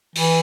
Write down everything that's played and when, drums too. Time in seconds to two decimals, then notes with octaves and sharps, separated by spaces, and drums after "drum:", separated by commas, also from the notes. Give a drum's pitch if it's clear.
0.16 E3, drum: open hi-hat